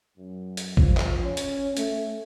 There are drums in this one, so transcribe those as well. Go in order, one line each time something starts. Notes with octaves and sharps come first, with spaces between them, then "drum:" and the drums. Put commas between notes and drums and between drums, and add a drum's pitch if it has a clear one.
F#2
drum: hi-hat
F3, drum: kick
drum: clap
C#4
drum: hi-hat
A3, drum: hi-hat